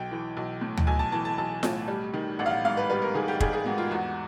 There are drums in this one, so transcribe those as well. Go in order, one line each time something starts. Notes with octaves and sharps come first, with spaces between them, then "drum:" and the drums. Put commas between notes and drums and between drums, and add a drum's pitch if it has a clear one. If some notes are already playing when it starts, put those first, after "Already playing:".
Already playing: B1 G5
E3
B1
A2
drum: tom D2
B1 G#5
A5
E3 A5
A5
B1 A5
A2, drum: snare F4
G3
D#3
A1 F#5
F5
F#5
G#2 F5
B4
G3 B4
A#4
D#3 G#4
G4
A1 G#4, drum: kick
G#4
G#2 F#4
F4
E2 F#4